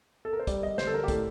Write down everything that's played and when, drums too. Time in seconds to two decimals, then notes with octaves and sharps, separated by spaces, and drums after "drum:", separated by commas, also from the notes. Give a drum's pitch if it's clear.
0.25 A4
0.33 A#4
0.39 C5
0.47 G3 D5, drum: kick, hi-hat
0.63 G3 D#5
0.78 D3 C5, drum: snare
0.87 A4
0.93 D3 A#4
1.04 G4
1.08 A2 A4, drum: kick, hi-hat